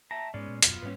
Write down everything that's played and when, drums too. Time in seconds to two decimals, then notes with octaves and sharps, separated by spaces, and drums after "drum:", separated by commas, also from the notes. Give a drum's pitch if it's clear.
0.11 E5 G5 A5 A#5
0.34 G#2 G#3 B3 C#4 D5
0.48 A#2
0.62 D#1 F#2 B2 B3 F4, drum: hi-hat
0.82 G#2 G3 A#3 C#4 B4